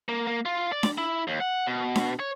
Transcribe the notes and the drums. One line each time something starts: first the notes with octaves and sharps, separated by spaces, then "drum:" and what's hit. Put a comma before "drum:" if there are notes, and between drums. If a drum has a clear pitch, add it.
A#3
A#3
F4
D5
drum: snare D4
E4
D#2
F#5
B2
drum: snare D4
C#5